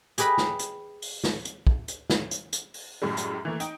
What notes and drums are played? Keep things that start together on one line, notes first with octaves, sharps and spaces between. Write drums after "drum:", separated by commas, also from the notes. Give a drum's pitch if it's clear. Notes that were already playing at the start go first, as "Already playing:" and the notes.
G4 G#4 B4 D#5 B5, drum: hi-hat
drum: snare
drum: hi-hat
drum: open hi-hat
drum: snare
drum: hi-hat
drum: kick
drum: hi-hat
drum: snare
drum: hi-hat
drum: hi-hat
drum: open hi-hat
F#2 A2 G3 G#3
drum: hi-hat
E3 A3 A#3
D#4 G5, drum: hi-hat